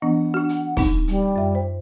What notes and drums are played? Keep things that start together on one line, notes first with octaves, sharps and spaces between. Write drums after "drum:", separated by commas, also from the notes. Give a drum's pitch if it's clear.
E3 B3 D4 F#5
D4 F#4
drum: hi-hat
C4 D#4, drum: kick, open hi-hat
G3, drum: hi-hat
F#2 E5
C5